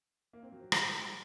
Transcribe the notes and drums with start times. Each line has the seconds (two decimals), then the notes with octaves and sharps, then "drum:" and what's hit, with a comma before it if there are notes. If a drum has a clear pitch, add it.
0.33 A#3
0.43 C4
0.52 F#3
0.63 F#3
0.72 G3, drum: rim click